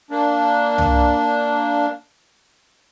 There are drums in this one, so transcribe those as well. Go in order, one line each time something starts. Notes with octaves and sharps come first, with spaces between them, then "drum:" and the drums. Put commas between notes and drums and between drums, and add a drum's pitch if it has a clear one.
A#3 D4
drum: tom C2